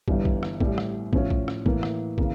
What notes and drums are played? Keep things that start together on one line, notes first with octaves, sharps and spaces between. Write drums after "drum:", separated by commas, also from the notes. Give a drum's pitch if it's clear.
G1 G2 E3 G3, drum: kick
drum: kick
drum: rim click
A1 A2 G3, drum: kick
drum: rim click
A2 F3 C#4, drum: kick
drum: kick
drum: rim click
A2 E3 A#3, drum: kick
drum: rim click
C#3 E3 A#3, drum: kick